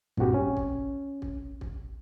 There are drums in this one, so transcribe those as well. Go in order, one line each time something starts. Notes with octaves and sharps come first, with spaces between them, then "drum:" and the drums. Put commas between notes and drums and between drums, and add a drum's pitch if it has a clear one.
G2 A#2 C4 F#4 G4, drum: kick
C#4
drum: kick
drum: kick
drum: kick